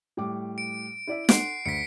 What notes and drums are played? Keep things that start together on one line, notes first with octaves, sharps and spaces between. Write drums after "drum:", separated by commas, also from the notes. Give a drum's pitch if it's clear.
A2 G3 D6
D7
E4 D5 E5
F#5 C6 C7 D7, drum: snare
D2 B6 C#7